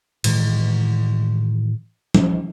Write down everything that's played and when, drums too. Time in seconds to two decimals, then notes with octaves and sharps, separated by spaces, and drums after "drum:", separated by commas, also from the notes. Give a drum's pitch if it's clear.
0.24 A2 D#3 E3 G#3, drum: cymbal
2.15 drum: tom F3